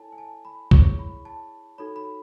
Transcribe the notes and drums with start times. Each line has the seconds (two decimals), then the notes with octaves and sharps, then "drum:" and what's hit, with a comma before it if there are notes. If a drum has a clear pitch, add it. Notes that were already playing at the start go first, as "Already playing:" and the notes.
Already playing: E4 A4 C#5 G#5 A5
0.12 G#5
0.18 A5
0.45 B5
0.71 E4 G#4 C#5 C#6, drum: kick
0.99 B5
1.25 A5
1.78 D#4 F#4 A4 C#5 B5
1.96 B5